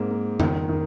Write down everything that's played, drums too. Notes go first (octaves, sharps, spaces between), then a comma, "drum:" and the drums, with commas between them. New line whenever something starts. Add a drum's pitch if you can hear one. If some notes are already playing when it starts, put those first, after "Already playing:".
Already playing: G#2 A#3 C4
A#3
D#3, drum: tom F2
D#3